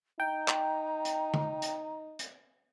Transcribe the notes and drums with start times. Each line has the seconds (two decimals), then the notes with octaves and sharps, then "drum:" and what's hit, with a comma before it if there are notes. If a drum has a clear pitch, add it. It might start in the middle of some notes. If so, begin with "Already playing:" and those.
0.20 D#4 G5 A#5
0.48 drum: clap
1.05 drum: hi-hat
1.34 drum: tom
1.62 drum: hi-hat
2.19 drum: hi-hat